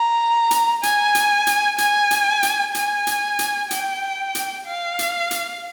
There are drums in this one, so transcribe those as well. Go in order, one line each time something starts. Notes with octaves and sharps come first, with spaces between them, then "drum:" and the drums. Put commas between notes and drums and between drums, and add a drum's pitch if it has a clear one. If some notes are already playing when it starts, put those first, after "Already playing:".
Already playing: A#5
drum: hi-hat
G#5, drum: hi-hat
drum: hi-hat
drum: hi-hat
G#5, drum: hi-hat
drum: hi-hat
drum: hi-hat
G#5, drum: hi-hat
drum: hi-hat
drum: hi-hat
G5, drum: hi-hat
drum: hi-hat
F5
drum: hi-hat
drum: hi-hat